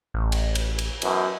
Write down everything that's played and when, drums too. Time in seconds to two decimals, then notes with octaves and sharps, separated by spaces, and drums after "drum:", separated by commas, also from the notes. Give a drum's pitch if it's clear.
0.14 A1
0.32 drum: cymbal
0.55 drum: cymbal
0.78 drum: cymbal
1.02 F#2 B2 E3, drum: cymbal